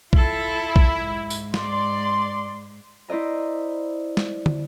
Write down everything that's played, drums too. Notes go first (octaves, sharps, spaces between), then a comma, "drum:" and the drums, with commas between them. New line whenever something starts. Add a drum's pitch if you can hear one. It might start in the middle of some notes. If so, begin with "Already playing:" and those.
E4 F4 A4, drum: kick A#1
drum: kick A#1
G#2
drum: tambourine
D5 C6, drum: snare
E4 C5 D5 D#5 A#5
drum: snare
drum: tom